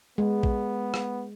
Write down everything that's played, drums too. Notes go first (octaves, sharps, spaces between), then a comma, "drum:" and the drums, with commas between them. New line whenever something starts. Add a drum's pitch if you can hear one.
G#3 B3
drum: kick A#1
drum: rim click